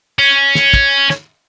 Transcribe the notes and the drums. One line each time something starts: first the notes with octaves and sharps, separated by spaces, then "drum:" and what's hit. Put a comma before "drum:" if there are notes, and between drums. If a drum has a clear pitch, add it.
C#4
drum: snare
drum: kick
drum: snare